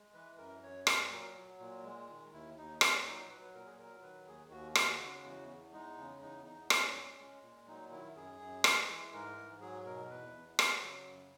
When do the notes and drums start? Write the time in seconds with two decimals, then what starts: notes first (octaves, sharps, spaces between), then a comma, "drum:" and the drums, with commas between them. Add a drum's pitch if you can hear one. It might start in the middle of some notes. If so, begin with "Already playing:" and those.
Already playing: G#3
0.14 E3 B4
0.38 F#2 A#4
0.63 F#2 C#5
0.87 A#2 B4, drum: rim click
1.11 F#3 A#4
1.35 F#3
1.60 A#2
1.84 G#3
2.09 D#3
2.33 D#2 E4
2.57 D#2 D#4
2.81 A#2 C#4, drum: rim click
3.06 F#3 D#4
3.30 F#3 B4
3.42 B4
3.55 A#2 A#4
3.66 G#4
3.79 F#3 A#4
4.03 D#3 B4
4.27 D#2 G#4
4.51 D#2 F#4
4.75 G#3 F#4, drum: rim click
5.00 C#3
5.24 E2
5.48 E2
5.73 G#3 D#4
5.98 C#3
6.21 E2 D#4
6.46 E2 D#4
6.70 A#2 C#4, drum: rim click
6.94 G#3
7.19 G#3
7.43 A#2
7.67 F#3 D#4
7.91 D#3 E4
8.16 F#2 G#4
8.40 F#2
8.64 G#3, drum: rim click
8.89 E3
9.14 G#2 A#4
9.37 G#2
9.61 F#3 G#4
9.86 B2 A#4
10.11 E2 B4
10.35 E2
10.59 F#3, drum: rim click
10.83 C#3
11.08 F#2